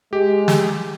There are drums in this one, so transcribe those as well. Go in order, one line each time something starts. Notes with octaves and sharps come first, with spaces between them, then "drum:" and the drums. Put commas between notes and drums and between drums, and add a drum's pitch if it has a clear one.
G#3 G4
drum: snare